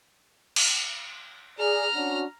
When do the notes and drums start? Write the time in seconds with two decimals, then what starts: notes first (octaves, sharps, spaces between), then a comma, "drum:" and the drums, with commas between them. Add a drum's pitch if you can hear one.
0.56 drum: cymbal
1.58 G#4 D5 A#5 F6
1.95 C#4 D4 F#4